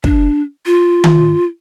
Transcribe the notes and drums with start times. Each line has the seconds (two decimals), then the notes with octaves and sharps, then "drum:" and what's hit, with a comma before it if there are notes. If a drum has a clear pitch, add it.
0.04 D4, drum: kick
0.66 F4
1.04 drum: tom D#3